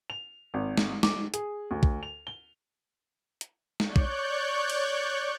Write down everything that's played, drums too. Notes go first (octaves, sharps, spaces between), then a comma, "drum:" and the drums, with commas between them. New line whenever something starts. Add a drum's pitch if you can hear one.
F7
G#1
drum: snare
D6, drum: snare
G#4, drum: hi-hat
D2
drum: kick
F7
G7
drum: hi-hat
C#5 D5 C#6 F#6 G6, drum: snare
drum: kick
drum: cymbal